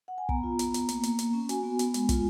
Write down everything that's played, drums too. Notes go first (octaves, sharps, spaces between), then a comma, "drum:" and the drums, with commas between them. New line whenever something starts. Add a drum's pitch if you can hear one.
F#5
G#5
B3 A#5, drum: kick
F4
B3, drum: hi-hat
B3, drum: hi-hat
A#3, drum: hi-hat
A#3, drum: hi-hat
A#3, drum: hi-hat
C#4
F#4 G#5, drum: hi-hat
B3
B3, drum: hi-hat
G#3, drum: hi-hat
F4, drum: kick, hi-hat